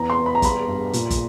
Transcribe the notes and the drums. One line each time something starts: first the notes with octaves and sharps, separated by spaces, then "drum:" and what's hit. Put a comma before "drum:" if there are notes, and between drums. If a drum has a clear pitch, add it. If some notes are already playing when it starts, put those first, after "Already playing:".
Already playing: E2 B3 A#5
C6
B3
B5
A#5
G3 B5, drum: kick, hi-hat
G2
A#2, drum: hi-hat
drum: kick, hi-hat